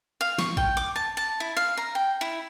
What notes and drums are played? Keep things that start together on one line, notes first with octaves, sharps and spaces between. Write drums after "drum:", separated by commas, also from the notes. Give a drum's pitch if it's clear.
F5
C#6, drum: snare
G5, drum: kick
D6
A5
A5
E4
F5
A#5
G5
E4